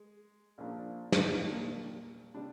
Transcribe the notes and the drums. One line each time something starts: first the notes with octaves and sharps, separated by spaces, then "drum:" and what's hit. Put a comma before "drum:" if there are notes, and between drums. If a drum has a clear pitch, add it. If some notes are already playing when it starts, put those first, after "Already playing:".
Already playing: G#3
A#1 A#2 F3 A#3 D4
drum: snare
A#1 A#2 G3 A#3 D4
C3 G3 D4